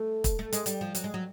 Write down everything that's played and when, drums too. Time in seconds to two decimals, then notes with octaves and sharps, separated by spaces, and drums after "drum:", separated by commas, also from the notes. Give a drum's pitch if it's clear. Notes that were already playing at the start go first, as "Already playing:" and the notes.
Already playing: A3
0.24 drum: kick, hi-hat
0.39 A3
0.53 G#3, drum: hi-hat
0.66 G3, drum: hi-hat
0.81 F3
0.95 F#3, drum: hi-hat
1.04 G#3
1.14 F#3